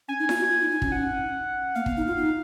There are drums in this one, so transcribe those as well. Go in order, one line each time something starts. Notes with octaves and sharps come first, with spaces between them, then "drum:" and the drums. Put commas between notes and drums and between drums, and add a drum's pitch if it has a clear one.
C#4 G#5
D#4
F4, drum: snare E4
F#4
F4
D#4
D#4
C#4, drum: kick
F#5
A#3 F5
B3, drum: kick
D#4
F4
D#4